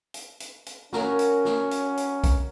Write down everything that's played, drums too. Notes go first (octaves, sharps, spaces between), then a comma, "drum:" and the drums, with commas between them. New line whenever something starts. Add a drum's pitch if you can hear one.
drum: hi-hat
drum: hi-hat
drum: hi-hat
C#4 F#4 A#4, drum: snare
drum: hi-hat
drum: snare
drum: hi-hat
drum: hi-hat
drum: kick, hi-hat